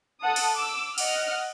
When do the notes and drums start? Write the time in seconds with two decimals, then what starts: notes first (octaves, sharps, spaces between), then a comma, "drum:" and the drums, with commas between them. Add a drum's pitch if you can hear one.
0.22 A4 F#5 A5 D#6
0.36 drum: cymbal
0.54 D6 E6
0.98 D#5 F#5 F6, drum: cymbal